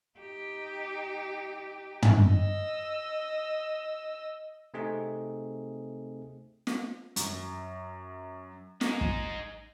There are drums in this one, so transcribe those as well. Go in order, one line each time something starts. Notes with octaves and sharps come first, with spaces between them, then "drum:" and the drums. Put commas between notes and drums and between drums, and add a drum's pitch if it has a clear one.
D#4 G4
drum: tom
D#5 E6
C3 A3 C4 D#4 G#4
drum: snare
F#2, drum: hi-hat
G#3 D#4, drum: snare
drum: kick